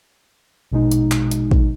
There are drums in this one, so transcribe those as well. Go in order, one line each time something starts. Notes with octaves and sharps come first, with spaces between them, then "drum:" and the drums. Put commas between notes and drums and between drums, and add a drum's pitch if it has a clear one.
A#1 B2 G#3 D#4
drum: hi-hat
drum: clap
drum: hi-hat
drum: kick A1